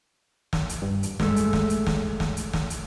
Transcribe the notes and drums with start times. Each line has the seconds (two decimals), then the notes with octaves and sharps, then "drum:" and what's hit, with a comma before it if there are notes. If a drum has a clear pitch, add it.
0.53 drum: snare
0.69 drum: hi-hat
0.82 G2
1.03 drum: hi-hat
1.20 G2 G#3 A3, drum: snare
1.36 drum: hi-hat
1.53 drum: snare
1.70 drum: hi-hat
1.87 drum: snare
2.20 drum: snare
2.37 drum: hi-hat
2.53 drum: snare
2.70 drum: hi-hat